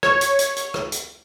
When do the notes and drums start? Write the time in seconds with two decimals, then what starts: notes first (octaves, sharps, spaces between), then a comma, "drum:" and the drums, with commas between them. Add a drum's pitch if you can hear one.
0.03 C#5, drum: rim click
0.21 drum: hi-hat
0.39 drum: hi-hat
0.56 drum: hi-hat
0.74 drum: rim click
0.92 drum: hi-hat